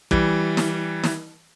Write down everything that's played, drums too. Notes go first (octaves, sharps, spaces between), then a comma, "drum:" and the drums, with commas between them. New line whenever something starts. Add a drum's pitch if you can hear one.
E3 G3, drum: kick
drum: snare
drum: snare